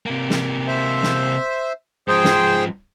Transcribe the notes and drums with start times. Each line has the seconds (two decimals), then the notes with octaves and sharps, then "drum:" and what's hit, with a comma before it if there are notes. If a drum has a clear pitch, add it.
0.06 C3 A#3
0.30 drum: snare
0.67 C5 E5
1.03 drum: snare
2.08 G#2 F3 G#4 C5 G5
2.24 drum: snare